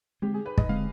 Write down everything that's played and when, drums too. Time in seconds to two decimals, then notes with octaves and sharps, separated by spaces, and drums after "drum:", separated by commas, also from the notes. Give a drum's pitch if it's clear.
0.22 D3 G#3 C4 G4
0.34 G#4
0.46 B4
0.58 D#5, drum: kick
0.69 D3 G#3 C4 F5